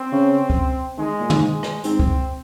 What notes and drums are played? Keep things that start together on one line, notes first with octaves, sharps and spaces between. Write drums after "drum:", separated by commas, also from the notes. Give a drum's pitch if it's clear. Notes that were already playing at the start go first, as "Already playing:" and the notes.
Already playing: C4
C#3
drum: kick C#2
D#3 G#3
A#2
G#2, drum: tom
G#3
drum: rim click
G#2 C4, drum: hi-hat
drum: kick C#2